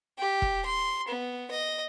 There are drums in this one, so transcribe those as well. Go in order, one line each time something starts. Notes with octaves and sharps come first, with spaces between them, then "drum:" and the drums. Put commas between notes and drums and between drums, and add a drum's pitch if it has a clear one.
G4
drum: kick E1
C6
B3
D#5